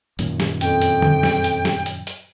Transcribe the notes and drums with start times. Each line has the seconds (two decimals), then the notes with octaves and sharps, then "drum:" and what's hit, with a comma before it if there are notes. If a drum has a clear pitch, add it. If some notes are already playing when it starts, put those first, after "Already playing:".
0.19 F#2 A#2 D#3, drum: hi-hat
0.40 drum: snare
0.61 F2 G5, drum: hi-hat
0.82 drum: hi-hat
1.02 drum: tom D3
1.23 drum: snare
1.44 drum: hi-hat
1.65 drum: snare
1.86 drum: hi-hat
2.07 drum: hi-hat